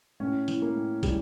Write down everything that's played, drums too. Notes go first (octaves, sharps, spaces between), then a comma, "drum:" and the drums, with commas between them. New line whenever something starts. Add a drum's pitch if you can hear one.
A2 C#4
E3, drum: hi-hat
A#3
A2
E3 G3, drum: kick, hi-hat